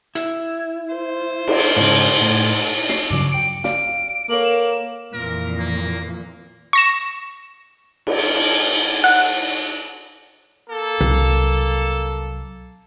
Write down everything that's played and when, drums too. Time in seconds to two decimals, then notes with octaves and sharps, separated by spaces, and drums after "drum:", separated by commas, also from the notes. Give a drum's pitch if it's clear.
0.15 E4, drum: hi-hat
0.95 C5
1.48 drum: cymbal
1.77 G#2 C#3
2.21 A2
2.89 C7, drum: snare
3.10 G2 C#3 F#3 D6
3.31 G5 C#7 D7
3.64 D5 F5 D7, drum: snare
4.30 A#3 A4 C#5 F#7
4.44 E7
5.13 F2 A#2 E3 A#4
5.59 A#3
6.73 C#6 A#6 E7
8.07 drum: cymbal
9.04 F#5
10.69 A#3 A4
11.00 C2 F#3, drum: tom B2